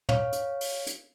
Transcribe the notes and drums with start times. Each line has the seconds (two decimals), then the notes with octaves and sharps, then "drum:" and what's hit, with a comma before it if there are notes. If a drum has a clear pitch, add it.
0.09 C#5 F5, drum: tom
0.32 drum: hi-hat
0.61 drum: open hi-hat
0.87 drum: hi-hat